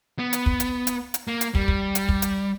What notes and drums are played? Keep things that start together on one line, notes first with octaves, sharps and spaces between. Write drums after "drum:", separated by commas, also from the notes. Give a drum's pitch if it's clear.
B3
drum: hi-hat
drum: kick
drum: hi-hat
drum: hi-hat
drum: hi-hat
A#3
drum: hi-hat
G3, drum: kick
drum: kick
drum: hi-hat
drum: kick
drum: hi-hat